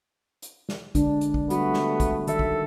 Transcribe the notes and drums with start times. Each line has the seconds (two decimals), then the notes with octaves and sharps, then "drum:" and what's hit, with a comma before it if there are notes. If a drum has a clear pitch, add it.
0.42 drum: hi-hat
0.69 drum: snare
0.95 D3 G#3 D4, drum: kick, hi-hat
1.21 drum: hi-hat
1.34 drum: kick
1.50 G3 A3 B3 F#4, drum: hi-hat
1.74 drum: snare
2.00 drum: kick, hi-hat
2.27 D#3 A4 E5, drum: hi-hat
2.39 drum: kick